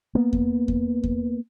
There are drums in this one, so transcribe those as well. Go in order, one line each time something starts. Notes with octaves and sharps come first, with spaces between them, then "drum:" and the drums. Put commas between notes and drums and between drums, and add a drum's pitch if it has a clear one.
A#3 B3
drum: kick E2
drum: kick E2
drum: kick E2